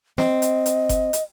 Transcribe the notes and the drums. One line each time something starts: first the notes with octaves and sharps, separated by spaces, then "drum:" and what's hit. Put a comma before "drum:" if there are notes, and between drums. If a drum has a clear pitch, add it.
C4 D#5, drum: snare
drum: hi-hat
drum: hi-hat
drum: kick F#1, hi-hat
drum: hi-hat